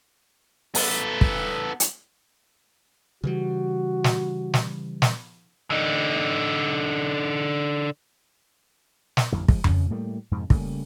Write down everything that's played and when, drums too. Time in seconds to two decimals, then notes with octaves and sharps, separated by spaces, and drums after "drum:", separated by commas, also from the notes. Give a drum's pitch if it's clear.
0.75 B3 A4, drum: open hi-hat
1.21 drum: kick
1.80 drum: hi-hat
3.24 C#3 E3 G3 F#4
4.04 drum: snare
4.54 drum: snare
5.02 drum: snare
5.70 D3 D#4
9.17 drum: snare
9.32 A1 F2 D3 E3
9.48 F3 G#3, drum: kick
9.64 C#3, drum: tom F2
9.90 A2 G3 A3 A#3
10.31 F2 G#2 C3
10.50 C#3 G3 A3 A#3, drum: kick